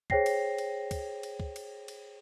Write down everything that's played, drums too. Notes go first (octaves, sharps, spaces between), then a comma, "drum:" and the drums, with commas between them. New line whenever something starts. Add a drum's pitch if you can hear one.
G#4 C5 C#5 G5 A#6 C7, drum: kick
drum: cymbal
drum: cymbal
drum: kick, cymbal
drum: cymbal
drum: kick
drum: cymbal
drum: cymbal